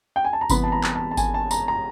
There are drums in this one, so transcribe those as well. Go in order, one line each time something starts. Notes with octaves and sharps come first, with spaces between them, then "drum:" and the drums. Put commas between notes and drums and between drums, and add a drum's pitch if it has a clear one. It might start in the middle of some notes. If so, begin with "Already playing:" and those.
G5
G#5
A5
A#5
C3 E3 G3 B3 B5, drum: kick G#1, tambourine
A5
A#5
drum: clap
A5
A5
G#5, drum: kick G#1, tambourine
A5
A#5, drum: tambourine
A#5